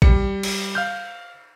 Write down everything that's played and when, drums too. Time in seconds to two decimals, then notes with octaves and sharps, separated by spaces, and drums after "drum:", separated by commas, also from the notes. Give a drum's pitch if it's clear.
0.02 G3 C#7, drum: kick A1
0.43 drum: cymbal
0.75 F5 F6 G6